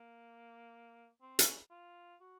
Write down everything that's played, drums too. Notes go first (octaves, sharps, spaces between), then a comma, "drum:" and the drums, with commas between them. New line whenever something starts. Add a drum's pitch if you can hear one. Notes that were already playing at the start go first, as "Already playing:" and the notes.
Already playing: A#3
C4
C#4, drum: hi-hat
F4
F#4